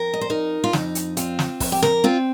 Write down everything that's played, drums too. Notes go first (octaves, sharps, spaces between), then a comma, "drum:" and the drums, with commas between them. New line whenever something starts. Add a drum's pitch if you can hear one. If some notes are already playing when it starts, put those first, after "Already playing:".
Already playing: F2 A#4
D#5
C5
D#4 A#4
F4
F2 D#4, drum: snare
drum: hi-hat
C4 F4, drum: hi-hat
drum: snare
F2, drum: kick, open hi-hat
G4
A#4, drum: snare
C4 F4